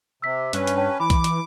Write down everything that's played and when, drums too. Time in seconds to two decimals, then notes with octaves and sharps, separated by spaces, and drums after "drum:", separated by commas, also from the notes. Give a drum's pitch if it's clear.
0.22 C3 E6 B6
0.53 G2 C#4 B4, drum: hi-hat
0.67 drum: hi-hat
0.77 C#5 G5 A5
1.00 E3 B5 D6
1.10 drum: kick B1, hi-hat
1.24 drum: hi-hat